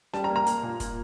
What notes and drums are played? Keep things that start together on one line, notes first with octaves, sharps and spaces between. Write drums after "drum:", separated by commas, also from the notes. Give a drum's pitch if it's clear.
G3 A5, drum: snare C#4
A#5
A#3
A#5
A#3, drum: hi-hat
A#2
A#3, drum: kick, hi-hat